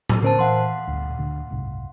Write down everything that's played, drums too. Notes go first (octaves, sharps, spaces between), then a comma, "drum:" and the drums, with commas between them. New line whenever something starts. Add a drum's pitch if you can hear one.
drum: tom A2
D3 C#4 A#4 C5 A5
E3 F5 F#5 C6
G1 D2
D2 D3
F#1 C2 G#2